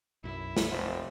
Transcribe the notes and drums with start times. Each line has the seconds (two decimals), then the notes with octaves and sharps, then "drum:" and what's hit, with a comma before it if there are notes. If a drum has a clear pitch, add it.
0.24 B1 F#2 E4
0.57 drum: snare
0.72 F1 C5 E5 F#5